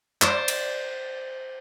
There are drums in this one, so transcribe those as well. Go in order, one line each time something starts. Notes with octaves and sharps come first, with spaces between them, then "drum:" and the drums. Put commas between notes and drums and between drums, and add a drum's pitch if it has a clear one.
C5 D5, drum: clap
drum: cymbal